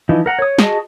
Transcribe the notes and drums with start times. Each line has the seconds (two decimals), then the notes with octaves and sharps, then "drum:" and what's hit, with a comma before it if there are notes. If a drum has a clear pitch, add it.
0.09 E3 F3 D#4
0.26 A#4 F#5 A#5
0.39 C#5 D#6
0.59 F#4 G#4 D#5 A5, drum: snare